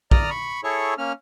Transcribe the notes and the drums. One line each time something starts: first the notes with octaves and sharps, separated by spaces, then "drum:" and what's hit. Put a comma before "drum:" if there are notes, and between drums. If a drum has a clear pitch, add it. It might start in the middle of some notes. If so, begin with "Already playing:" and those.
D5 A#5 D#6 F6, drum: kick
B5 C#6
E4 G#4 A4 C#5 C#6
A#3 C#4 F6